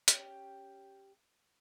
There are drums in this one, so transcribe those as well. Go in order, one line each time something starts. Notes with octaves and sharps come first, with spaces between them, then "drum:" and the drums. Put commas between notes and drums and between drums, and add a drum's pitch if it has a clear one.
C#4 G4 G5, drum: hi-hat